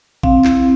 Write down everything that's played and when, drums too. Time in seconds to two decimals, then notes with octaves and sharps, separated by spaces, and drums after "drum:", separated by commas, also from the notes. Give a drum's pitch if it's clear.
0.23 C4 F5, drum: kick A1
0.45 E4, drum: clap